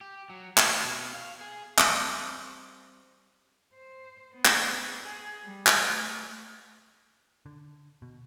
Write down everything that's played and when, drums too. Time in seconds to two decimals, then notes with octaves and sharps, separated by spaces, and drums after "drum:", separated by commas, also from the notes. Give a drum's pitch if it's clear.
0.01 G4
0.30 F#3
0.58 E4, drum: clap
0.85 B2
1.13 F5
1.41 G#4
1.78 drum: clap
1.88 G3 C4
3.75 C5
4.34 B3
4.45 drum: clap
5.03 G#4
5.45 G3
5.67 drum: clap
5.91 A3
7.46 D3
8.02 B2